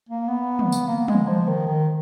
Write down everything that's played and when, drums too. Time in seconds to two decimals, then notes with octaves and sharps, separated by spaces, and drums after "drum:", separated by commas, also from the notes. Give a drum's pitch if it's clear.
0.09 A#3
0.28 B3
0.59 drum: tom
0.72 drum: tambourine
0.87 A#3
1.08 G#3, drum: tom
1.28 F3
1.48 D#3
1.67 D#3